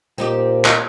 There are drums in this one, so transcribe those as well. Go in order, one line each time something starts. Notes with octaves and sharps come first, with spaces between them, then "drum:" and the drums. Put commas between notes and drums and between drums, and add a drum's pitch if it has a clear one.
A#2 C4 D#4 G4
drum: clap